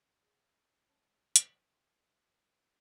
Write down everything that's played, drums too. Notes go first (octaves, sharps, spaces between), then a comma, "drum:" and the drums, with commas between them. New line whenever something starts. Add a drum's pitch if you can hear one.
G#4
G#3 C4 C#4 A5
drum: hi-hat